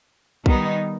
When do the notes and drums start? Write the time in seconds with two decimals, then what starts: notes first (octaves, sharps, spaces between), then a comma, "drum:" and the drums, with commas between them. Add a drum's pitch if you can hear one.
0.46 D#3 G3 B3 D#4, drum: kick B1